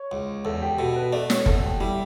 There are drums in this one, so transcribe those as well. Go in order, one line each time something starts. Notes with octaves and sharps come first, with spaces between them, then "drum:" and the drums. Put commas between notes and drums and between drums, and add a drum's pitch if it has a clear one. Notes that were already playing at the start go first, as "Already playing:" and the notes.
Already playing: C#5
C#2
E2 A4
G4
B2 A4
B4
A3 D5
C#5, drum: snare
E2 A4, drum: kick F#1
G4
G3 E4